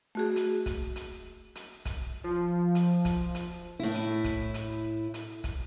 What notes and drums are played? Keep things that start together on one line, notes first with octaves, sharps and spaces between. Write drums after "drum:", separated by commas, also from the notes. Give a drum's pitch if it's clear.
A3 F#4 G#4
drum: hi-hat
drum: kick, hi-hat
drum: hi-hat
drum: hi-hat
drum: kick, hi-hat
F3
drum: hi-hat
drum: kick, hi-hat
drum: hi-hat
A2 E4
drum: hi-hat
drum: kick, hi-hat
drum: hi-hat
drum: hi-hat
drum: kick, hi-hat